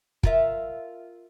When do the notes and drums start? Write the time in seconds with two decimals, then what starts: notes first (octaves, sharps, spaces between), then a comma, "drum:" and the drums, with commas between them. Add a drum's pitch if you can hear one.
0.23 F4 A#4 E5, drum: kick